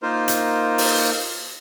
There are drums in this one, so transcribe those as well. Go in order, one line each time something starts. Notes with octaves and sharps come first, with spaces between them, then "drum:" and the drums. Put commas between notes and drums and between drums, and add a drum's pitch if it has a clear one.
A#3 D#4 F4 A#4 C5
drum: hi-hat
drum: open hi-hat